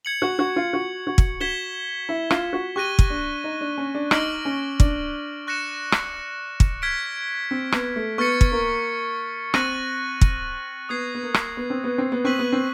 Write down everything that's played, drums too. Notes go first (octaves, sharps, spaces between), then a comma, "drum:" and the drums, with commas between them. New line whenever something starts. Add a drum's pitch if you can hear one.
G#6 C#7 F#7
F#4
F#4
F4
F#4
F#4
drum: kick
F#4 G#6 B6 E7 G7
E4
F4, drum: rim click
F#4
G4 C#6 F#6 A#6 D#7 G7
drum: kick
D4
D#4
D4
C#4
D4
D#4 D6 F6 A#6 D7 F#7, drum: rim click
C#4
D4, drum: kick
C#6 F#6 A#6 C#7 E7
drum: rim click
drum: kick
F6 G#6 B6 D7
C4
B3, drum: rim click
A3
B3 C#6 F6 A6 C#7
drum: kick
A#3
C4 F#6 A#6 D#7 F#7, drum: rim click
drum: kick
B3 D#6 G#6 C7
B3
A#3
drum: rim click
B3
C4
B3
C4
B3
C4 C#6 F#6 B6 D#7 F#7
B3
C4